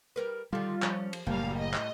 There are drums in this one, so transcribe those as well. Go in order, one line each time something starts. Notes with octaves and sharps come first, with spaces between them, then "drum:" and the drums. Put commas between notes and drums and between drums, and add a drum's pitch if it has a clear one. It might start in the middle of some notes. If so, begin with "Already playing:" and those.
G3 A#4 B4
D3 D#3 G3 F4
F3 C#4, drum: clap
drum: cymbal
F#1 A2 G3 A#3 F5
D#5
drum: clap